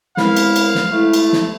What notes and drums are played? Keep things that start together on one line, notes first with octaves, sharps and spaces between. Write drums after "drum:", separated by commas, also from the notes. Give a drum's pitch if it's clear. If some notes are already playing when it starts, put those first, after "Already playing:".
F#2 G#3 B3 C4 E4 F5, drum: snare
drum: cymbal
drum: cymbal
drum: snare
A3 E4
drum: cymbal
drum: snare